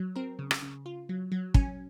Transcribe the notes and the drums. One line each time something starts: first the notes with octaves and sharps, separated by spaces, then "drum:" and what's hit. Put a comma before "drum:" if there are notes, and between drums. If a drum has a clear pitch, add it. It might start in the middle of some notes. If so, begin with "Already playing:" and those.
Already playing: F#3
C4 A#4
C#3
drum: rim click
C#3
F4
F#3
F#3
C#4 G#5, drum: kick